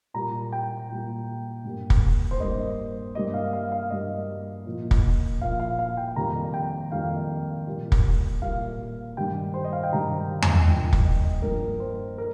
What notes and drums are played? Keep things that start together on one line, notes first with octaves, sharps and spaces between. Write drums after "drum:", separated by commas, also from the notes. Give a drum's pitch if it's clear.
A#2 G3 A#3 A#5
G5
A#2 G3 A#3
G2 G3 A#3
drum: kick
C5
G2 G3 A#3 D#5
G2 G3 A#3 D#5
F5
F5
F5
G2 G3 A#3 D#5
A#2 F3 A#3
drum: kick
A#2 F3 A#3 F5
F5
F5
G5
F2 D#3 G3 A#3 A#5
G5
F2 D#3 G3 A#3 F5
A#2 G3 A#3
drum: kick
A#2 G3 A#3 F5
G2 D#3 G3 G5
C5
D#5
F5
G5
G2 D#3 G3 A#5
drum: tom E2
G2 F3 A#3 G5
drum: kick
D#5
G2 F3 A#3 A#4
C5
A#4